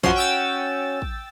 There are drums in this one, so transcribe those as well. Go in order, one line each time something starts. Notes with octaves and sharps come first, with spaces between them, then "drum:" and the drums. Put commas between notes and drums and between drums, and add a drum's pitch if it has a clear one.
F#2 F3 C#4 F#4 C6, drum: kick
G5 E6 A6
drum: kick